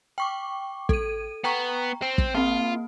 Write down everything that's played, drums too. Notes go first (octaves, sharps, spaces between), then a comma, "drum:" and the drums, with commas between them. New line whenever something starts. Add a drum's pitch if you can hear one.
G5 C#6 D6
A4 D#7, drum: kick
B3 G5 A#5 C#6
C4 G5
drum: kick
A#3 C4 F4